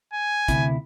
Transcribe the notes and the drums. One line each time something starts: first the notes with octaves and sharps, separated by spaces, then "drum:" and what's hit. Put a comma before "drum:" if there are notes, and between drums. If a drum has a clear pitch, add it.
G#5
D2 C3 E4, drum: kick, hi-hat